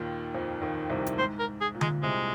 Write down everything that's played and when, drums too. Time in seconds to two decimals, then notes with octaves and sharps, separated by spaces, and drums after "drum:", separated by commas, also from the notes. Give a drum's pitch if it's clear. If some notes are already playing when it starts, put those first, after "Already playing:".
Already playing: D#2 A#2 D#3
0.34 F2 F3
0.62 D#2 D#3
0.90 C2 C3
1.06 drum: hi-hat
1.18 G#2 C5
1.39 A#4
1.61 G#4
1.75 A#2
1.81 G#3, drum: tom D3
2.02 C2 C3 G#3